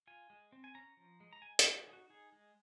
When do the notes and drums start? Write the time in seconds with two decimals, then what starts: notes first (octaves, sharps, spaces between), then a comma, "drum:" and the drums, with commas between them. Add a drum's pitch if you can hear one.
0.07 F4 G#5
0.30 G#3
0.52 C4
0.64 G#5
0.75 C#4 A#5
0.97 F3
1.20 G#3
1.33 A#5
1.42 G#3 G#5
1.59 A#4, drum: hi-hat
1.65 G#3
1.76 F#4
1.87 D#4 G#4
1.93 F#4
2.10 D#4 G#4
2.32 G#3